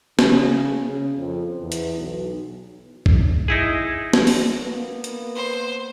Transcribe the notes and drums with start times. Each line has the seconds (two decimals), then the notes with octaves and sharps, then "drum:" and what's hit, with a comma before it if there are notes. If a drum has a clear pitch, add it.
0.19 C#3, drum: snare
0.86 C#3
1.17 F2
1.60 E2
1.72 drum: hi-hat
1.98 B1
3.06 drum: kick
3.48 D#4 E4 G#4
4.13 drum: snare
4.27 drum: open hi-hat
4.50 A#3 B3
5.04 drum: hi-hat
5.35 C5